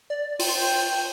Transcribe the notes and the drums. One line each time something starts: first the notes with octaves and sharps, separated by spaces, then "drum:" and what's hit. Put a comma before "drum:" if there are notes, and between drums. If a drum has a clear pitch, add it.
D5
F4 G5, drum: open hi-hat
G5